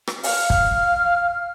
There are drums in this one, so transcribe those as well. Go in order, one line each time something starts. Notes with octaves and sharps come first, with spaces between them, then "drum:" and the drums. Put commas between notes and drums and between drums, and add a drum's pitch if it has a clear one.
drum: rim click
F5 F6, drum: open hi-hat
drum: kick